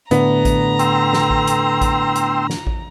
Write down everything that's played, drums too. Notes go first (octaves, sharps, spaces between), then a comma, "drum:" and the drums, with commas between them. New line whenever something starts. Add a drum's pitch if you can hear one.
A2 D3 B3 A#5, drum: hi-hat
drum: kick A1, hi-hat
G5 C6 E6, drum: hi-hat
drum: snare
drum: kick A1
drum: hi-hat
drum: kick A1, hi-hat
drum: hi-hat
drum: snare
drum: kick A1